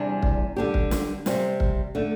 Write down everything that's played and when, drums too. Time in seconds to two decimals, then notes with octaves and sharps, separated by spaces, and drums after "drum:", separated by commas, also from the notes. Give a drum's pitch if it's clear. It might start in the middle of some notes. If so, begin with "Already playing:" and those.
Already playing: E2 C3 G3 D4
0.23 drum: kick
0.56 D3 G3 D4 G4
0.74 drum: kick
0.91 drum: snare
1.26 C3 G3 C4, drum: snare
1.60 drum: kick
1.95 D3 A3